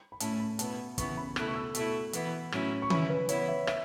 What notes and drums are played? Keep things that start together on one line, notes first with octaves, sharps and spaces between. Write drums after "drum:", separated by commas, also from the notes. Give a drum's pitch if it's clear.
B5
A2 A3 C#4 E4 A5, drum: hi-hat
B5
B2 B3 E4 A5, drum: hi-hat
C#3 E3 B3 C#6, drum: kick, hi-hat
B5
B2 A3 E4 F#6, drum: rim click
C#6
E6
B2 A3 E4 C#6, drum: hi-hat
E3 B3 E4, drum: hi-hat
A2 F#3 C#4 E4, drum: rim click
C#6
C#3 E3 C#4 E4 B5, drum: tom D#3
B4
E3 B3 E4 C#5, drum: hi-hat
E5
E5, drum: rim click